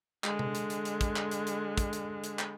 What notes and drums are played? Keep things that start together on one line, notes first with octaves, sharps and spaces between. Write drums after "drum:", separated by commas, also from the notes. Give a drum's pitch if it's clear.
D3 G#3, drum: clap
drum: tom C3
drum: hi-hat
drum: hi-hat
drum: hi-hat
drum: kick, hi-hat
drum: clap
drum: hi-hat
drum: hi-hat
drum: kick, hi-hat
drum: hi-hat
drum: hi-hat
drum: clap